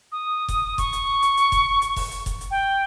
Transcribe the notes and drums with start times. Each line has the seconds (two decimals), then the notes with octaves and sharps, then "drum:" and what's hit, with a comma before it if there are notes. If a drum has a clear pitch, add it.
0.12 D#6
0.48 drum: kick F1, hi-hat
0.78 C#6, drum: kick F1, hi-hat
0.93 drum: hi-hat
1.22 drum: hi-hat
1.37 drum: hi-hat
1.52 drum: kick F1, hi-hat
1.82 drum: hi-hat
1.96 drum: kick F1, open hi-hat
2.11 drum: hi-hat
2.26 drum: kick F1, hi-hat
2.41 drum: hi-hat
2.51 G5